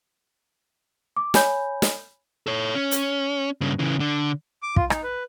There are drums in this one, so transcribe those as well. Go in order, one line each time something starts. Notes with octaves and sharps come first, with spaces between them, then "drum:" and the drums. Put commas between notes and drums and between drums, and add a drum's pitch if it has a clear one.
D6
C#5 G#5 B5 G6, drum: snare
drum: snare
A4 C#5
C#4
drum: hi-hat
G2 C#3
C#3 E3
D3
D6
F4, drum: kick
D#4, drum: rim click
B4